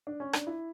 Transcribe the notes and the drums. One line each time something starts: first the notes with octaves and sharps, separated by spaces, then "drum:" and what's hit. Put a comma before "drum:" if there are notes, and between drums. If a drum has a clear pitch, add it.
D4
C#4
D4, drum: rim click
E4